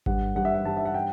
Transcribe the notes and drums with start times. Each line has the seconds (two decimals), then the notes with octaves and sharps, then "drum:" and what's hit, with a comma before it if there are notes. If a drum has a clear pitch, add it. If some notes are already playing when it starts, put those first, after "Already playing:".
0.06 G2 F#5, drum: kick G#1
0.36 G2 F#5
0.45 E5
0.54 F#5
0.65 G2 A5
0.77 E5
0.85 F#5
0.94 G5